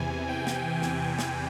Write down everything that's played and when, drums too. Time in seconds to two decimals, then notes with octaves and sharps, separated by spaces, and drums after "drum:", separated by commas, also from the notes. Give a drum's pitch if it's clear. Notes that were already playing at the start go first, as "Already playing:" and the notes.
Already playing: E2 C3 E3 G#5
0.29 G5
0.47 drum: snare
0.82 G#5, drum: snare
1.19 drum: snare